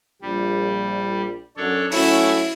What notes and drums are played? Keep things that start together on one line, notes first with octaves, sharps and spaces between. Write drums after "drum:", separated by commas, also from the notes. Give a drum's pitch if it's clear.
A#1 G3
F#2 D4 A4 C#5
F#3 A3 C#4 E4 C#6, drum: open hi-hat